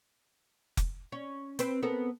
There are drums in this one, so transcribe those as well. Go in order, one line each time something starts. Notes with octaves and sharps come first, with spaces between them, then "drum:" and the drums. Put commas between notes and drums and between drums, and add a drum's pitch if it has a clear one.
drum: kick F1, hi-hat
C#4
C4 B4 C5, drum: hi-hat
B3 A4 A#4